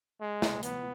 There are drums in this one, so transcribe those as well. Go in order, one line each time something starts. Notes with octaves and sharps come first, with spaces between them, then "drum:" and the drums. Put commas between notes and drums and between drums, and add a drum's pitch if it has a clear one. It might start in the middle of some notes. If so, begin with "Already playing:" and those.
G#3
drum: snare
B3, drum: hi-hat